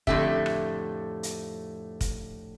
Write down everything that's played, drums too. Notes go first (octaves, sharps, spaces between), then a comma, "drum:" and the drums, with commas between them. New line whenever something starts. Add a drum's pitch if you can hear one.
F2 A2 D3 A3 G4 E5, drum: kick
drum: rim click
drum: hi-hat
drum: kick, hi-hat